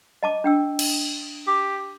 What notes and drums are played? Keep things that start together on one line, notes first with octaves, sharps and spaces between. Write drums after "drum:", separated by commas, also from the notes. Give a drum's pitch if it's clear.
D#5 A5 D6
D4 G5 E6
drum: cymbal
G4